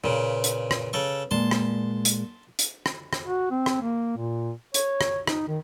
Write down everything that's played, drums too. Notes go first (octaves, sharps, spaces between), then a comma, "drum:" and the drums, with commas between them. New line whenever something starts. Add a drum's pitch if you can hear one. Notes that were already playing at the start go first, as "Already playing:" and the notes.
A#2 C#3 B4
drum: hi-hat
drum: rim click
C#3 A4 C#6
A#2 G#3 A5 C6
drum: rim click
drum: hi-hat
drum: hi-hat
drum: rim click
drum: rim click
F#4
C4
drum: rim click
A#3
A#2
C#5, drum: hi-hat
drum: rim click
D#4, drum: rim click
D#3